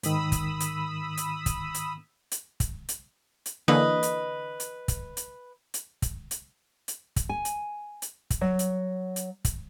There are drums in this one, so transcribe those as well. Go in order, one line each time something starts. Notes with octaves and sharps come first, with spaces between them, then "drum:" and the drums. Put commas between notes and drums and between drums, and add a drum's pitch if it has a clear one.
G#2 D#3 B5 D#6 E6, drum: hi-hat
drum: kick, hi-hat
drum: hi-hat
drum: hi-hat
drum: kick, hi-hat
drum: hi-hat
drum: hi-hat
drum: kick, hi-hat
drum: hi-hat
drum: hi-hat
D3 E3 A#3 B4 D#5
drum: hi-hat
drum: hi-hat
drum: kick, hi-hat
drum: hi-hat
drum: hi-hat
drum: kick, hi-hat
drum: hi-hat
drum: hi-hat
drum: kick, hi-hat
G#5
drum: hi-hat
drum: hi-hat
drum: kick, hi-hat
F#3
drum: hi-hat
drum: hi-hat
drum: kick, hi-hat